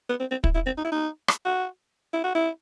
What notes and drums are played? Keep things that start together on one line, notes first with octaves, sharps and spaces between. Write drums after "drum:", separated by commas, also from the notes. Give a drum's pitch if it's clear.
B3
C4
C4
E4, drum: kick
E4
C4
D#4
E4
D#4
drum: rim click
F#4
E4
F#4
E4